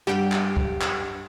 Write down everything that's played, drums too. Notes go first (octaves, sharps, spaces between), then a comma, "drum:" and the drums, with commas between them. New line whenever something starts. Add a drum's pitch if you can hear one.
G2 G3 G4 F#5 G5
drum: clap
drum: kick
drum: clap